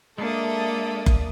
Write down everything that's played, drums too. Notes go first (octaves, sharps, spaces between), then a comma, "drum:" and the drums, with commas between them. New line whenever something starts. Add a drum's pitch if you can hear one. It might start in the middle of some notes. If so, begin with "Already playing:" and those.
G#3 A#3 D4 A4 D5 E5 D#6
drum: kick F#1